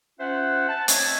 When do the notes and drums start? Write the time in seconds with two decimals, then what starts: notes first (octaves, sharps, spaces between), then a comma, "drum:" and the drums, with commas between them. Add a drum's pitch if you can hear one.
0.20 C#4 F4 C5 E5 F#5
0.69 A5
0.88 A3 C4 C#5 D#5 E5 G#5, drum: hi-hat